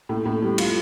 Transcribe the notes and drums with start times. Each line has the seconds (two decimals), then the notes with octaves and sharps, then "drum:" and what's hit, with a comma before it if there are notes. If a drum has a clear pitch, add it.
0.09 A2
0.25 A2
0.42 G3
0.58 F4, drum: cymbal